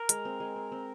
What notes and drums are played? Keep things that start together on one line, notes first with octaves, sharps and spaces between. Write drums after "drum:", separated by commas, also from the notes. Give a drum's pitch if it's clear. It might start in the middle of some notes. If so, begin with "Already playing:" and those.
Already playing: A#4
G#3, drum: hi-hat
C4
G#3
C4
C4